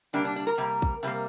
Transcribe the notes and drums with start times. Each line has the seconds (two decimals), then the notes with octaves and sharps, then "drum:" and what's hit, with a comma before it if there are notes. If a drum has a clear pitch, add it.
0.13 C3 G3 A#3 D4
0.25 D4
0.36 D4
0.47 A#4
0.58 C3 G3 A#3
0.82 drum: kick A#1
1.03 C3 G3 A#3